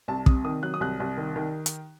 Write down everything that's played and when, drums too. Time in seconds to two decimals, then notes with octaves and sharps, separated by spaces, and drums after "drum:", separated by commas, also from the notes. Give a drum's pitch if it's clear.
0.08 C2 A5
0.26 C3 D#6, drum: kick
0.45 D#3 D#6
0.63 F#3 F#6
0.74 D#6
0.81 C2 F#6
1.00 C2
1.17 D#3
1.36 D#3
1.66 drum: hi-hat